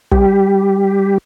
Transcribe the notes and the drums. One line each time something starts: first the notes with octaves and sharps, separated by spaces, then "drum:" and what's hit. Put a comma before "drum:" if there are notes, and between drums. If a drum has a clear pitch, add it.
G3 G4, drum: kick